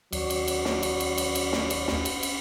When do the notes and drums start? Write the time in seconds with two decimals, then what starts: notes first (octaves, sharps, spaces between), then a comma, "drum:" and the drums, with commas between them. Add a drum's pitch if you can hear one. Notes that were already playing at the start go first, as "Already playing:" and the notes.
0.13 D#2 F#3 C#5 D5, drum: cymbal
0.30 drum: cymbal
0.48 drum: cymbal
0.65 drum: snare
0.83 drum: cymbal
1.00 drum: cymbal
1.18 drum: cymbal
1.35 drum: cymbal
1.53 drum: snare
1.70 drum: cymbal
1.88 drum: snare
2.05 drum: cymbal
2.23 drum: cymbal